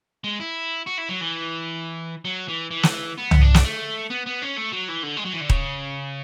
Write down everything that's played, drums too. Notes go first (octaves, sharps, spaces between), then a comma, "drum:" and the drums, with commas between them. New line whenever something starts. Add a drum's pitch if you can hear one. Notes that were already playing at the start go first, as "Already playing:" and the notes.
G#3
E4
F#4
E4
F#3
E3
F#3
E3
E3
drum: snare
B3
drum: tom
D4
drum: snare
A3
B3
B3
C#4
A3
F#3
E3
D3
G#3
F#3
E3
D3
C#3, drum: kick D#1